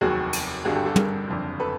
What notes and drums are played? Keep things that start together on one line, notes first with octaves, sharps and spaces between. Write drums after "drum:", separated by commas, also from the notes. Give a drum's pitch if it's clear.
F1 D#2 D#3 F#3 F#4 G#4
drum: cymbal
G#1 G2 D3 G3 F#4 G#4
G4 A4
G4 A4
G#4 A#4, drum: tom
F#1 F2 D3
A4 B4